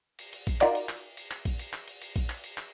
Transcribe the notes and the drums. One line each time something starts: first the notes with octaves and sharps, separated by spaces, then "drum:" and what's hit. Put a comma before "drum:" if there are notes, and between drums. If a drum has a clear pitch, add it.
drum: cymbal
drum: cymbal
drum: kick A#1, cymbal
D#4 F4 F#4 A#4 D5, drum: clap
drum: cymbal
drum: clap
drum: cymbal
drum: clap
drum: kick A#1, cymbal
drum: cymbal
drum: clap
drum: cymbal
drum: cymbal
drum: kick A#1, cymbal
drum: clap
drum: cymbal
drum: clap